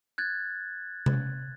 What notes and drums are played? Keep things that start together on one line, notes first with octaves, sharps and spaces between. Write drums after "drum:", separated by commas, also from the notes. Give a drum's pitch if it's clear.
F#6 G#6 A6
drum: tom C3